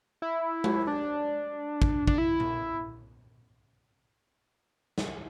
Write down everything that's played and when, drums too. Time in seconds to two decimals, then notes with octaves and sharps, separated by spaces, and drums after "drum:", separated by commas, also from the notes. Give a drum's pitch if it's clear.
0.22 E4
0.64 drum: tom G#3
0.87 D4
1.82 drum: kick
2.07 D4, drum: kick
2.18 E4
2.40 drum: tom A#2
4.98 drum: snare